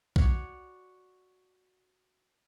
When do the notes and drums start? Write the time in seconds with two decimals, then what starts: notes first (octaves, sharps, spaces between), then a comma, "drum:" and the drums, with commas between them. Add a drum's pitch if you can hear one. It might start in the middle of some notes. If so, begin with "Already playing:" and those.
0.16 F#4 C#5 D5, drum: kick B1